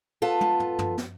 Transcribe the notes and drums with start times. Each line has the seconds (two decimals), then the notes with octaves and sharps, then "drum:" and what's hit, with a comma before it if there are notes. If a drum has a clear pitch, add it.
0.22 B3 F4 A4
0.41 drum: tom
0.60 drum: tom
0.79 drum: tom
0.98 drum: snare